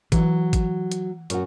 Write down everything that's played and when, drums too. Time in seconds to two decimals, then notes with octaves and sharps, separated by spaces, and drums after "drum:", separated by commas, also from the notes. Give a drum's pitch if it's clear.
0.12 E3 F#3, drum: kick, hi-hat
0.53 drum: kick, hi-hat
0.92 drum: hi-hat
1.30 F#2 F#4, drum: hi-hat